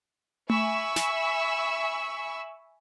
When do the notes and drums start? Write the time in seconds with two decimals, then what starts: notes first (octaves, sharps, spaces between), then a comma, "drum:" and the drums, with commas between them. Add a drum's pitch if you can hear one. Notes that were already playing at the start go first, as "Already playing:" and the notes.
0.50 E5 G#5 B5 C#6 E6, drum: tom A3
0.96 drum: snare